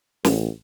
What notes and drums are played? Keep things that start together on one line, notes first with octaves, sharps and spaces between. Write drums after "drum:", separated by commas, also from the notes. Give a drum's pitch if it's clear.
A1, drum: snare